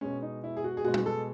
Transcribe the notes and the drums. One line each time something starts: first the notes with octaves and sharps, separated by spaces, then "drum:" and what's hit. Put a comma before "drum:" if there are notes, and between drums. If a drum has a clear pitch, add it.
B2 G#3 C#4
D#4
E4
G#4
F#4
G#4
B2 G#3 F#4
drum: tom
A4